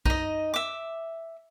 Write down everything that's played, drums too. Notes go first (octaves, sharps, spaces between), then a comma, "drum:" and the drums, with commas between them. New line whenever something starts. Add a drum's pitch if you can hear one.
D#4 D#5, drum: kick B1
E5 D6